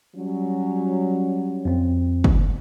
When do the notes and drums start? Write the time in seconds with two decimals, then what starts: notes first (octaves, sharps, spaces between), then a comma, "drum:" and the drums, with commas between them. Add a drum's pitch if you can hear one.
0.16 F#3 G3 C#4
1.65 F2 C4
2.24 drum: kick